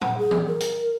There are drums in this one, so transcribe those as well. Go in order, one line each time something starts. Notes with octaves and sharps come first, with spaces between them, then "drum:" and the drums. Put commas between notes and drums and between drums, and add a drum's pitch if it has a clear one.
F#5, drum: tom
G#4
drum: tom E3
A#4
drum: hi-hat